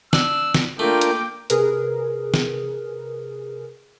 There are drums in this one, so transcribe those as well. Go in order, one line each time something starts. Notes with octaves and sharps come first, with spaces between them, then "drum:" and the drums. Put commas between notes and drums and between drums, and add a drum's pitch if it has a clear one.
D4 E6, drum: snare
drum: snare
A3 A#3 D4 F4 A#4 G5 D6
drum: hi-hat
C3 G#4 A#4 B4, drum: hi-hat
drum: snare